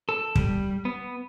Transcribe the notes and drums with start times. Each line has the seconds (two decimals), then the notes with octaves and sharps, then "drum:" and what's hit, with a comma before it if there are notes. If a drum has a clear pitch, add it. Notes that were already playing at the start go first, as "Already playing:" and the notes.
0.09 A4
0.35 G3, drum: kick
0.85 B3